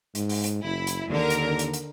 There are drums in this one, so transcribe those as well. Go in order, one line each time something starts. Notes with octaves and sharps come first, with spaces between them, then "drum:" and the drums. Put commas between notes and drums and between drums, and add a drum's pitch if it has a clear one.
G#2, drum: hi-hat
drum: open hi-hat
drum: hi-hat
F#1 E4
drum: hi-hat
D#2 D3 A#4
drum: hi-hat
drum: hi-hat
drum: hi-hat